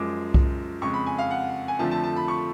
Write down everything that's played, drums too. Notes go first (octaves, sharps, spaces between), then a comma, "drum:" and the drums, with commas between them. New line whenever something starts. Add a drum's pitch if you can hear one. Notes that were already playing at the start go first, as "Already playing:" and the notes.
Already playing: F#2 F3 G#3 D6
drum: kick C2
F2 C#3 G#3 C#6
B5
G#5
F5
F#5
G#5
F2 D3 F3 A3 A5
A5
A5
B5
C#6